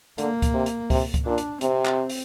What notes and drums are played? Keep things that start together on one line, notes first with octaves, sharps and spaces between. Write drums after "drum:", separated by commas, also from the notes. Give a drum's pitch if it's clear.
D3 A#3, drum: hi-hat
drum: kick C#2, hi-hat
C3
drum: hi-hat
C3, drum: kick C#2, open hi-hat
drum: kick C#2, hi-hat
A#2 D4
drum: hi-hat
C3 C4, drum: hi-hat
drum: clap
drum: open hi-hat